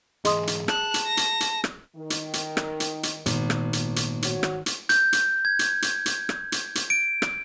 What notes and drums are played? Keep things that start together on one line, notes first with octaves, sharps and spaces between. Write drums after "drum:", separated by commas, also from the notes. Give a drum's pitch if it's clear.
G#2 E3 G#4 D#5 C6 D#6, drum: hi-hat
drum: hi-hat
A5 F#6, drum: rim click
drum: hi-hat
A#6
drum: hi-hat
drum: hi-hat
drum: rim click
D#3
drum: hi-hat
drum: hi-hat
drum: rim click
drum: hi-hat
drum: hi-hat
G#1 A#2 B3, drum: hi-hat
drum: rim click
drum: hi-hat
drum: hi-hat
F#4 C#5, drum: hi-hat
drum: rim click
drum: hi-hat
G6, drum: hi-hat
drum: hi-hat
G#6
drum: hi-hat
drum: hi-hat
drum: hi-hat
drum: rim click
drum: hi-hat
drum: hi-hat
D7
drum: rim click